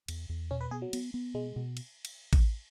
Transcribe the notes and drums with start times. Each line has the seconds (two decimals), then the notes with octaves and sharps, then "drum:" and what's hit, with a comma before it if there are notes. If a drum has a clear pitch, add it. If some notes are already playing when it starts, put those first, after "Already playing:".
0.08 E2, drum: cymbal
0.29 E2
0.51 B2 C#4
0.61 B4
0.71 B3 G#4
0.82 F#3
0.93 B3, drum: cymbal
1.14 B3
1.34 B2 G#3
1.56 B2
1.77 drum: cymbal
2.05 drum: cymbal
2.33 drum: kick A1, cymbal